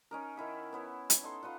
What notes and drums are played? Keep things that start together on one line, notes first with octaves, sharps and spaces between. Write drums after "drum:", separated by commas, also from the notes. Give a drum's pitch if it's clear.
C#4 D#4 A#4
D#3 E4 E5 F#5
B3 E4 C#5
drum: hi-hat
D#4 A4 C6
F4 B4 F5 F#5